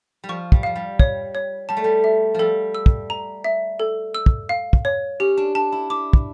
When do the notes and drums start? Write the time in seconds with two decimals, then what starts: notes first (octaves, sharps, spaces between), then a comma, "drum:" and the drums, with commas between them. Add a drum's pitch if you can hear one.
0.24 G3
0.29 F3 C#6
0.52 G3, drum: kick
0.63 F3 F5
0.76 G3
0.99 C#5, drum: kick
1.35 C#5
1.69 G3 A5
1.77 A3
1.84 G3
2.04 E5
2.34 F3 G3 A4
2.75 E6
2.86 drum: kick
3.10 A#5
3.44 E5
3.80 A4
4.15 E6
4.26 drum: kick
4.49 F5
4.73 drum: kick
4.85 C#5
5.20 C#4 G4
5.37 D4
5.55 D4 A5
5.72 E4
5.90 E4 D6
6.13 drum: kick